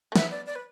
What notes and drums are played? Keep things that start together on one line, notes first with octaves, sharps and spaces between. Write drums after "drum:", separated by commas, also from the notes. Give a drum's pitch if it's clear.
A3
B3 E5, drum: snare
D5
D5
B4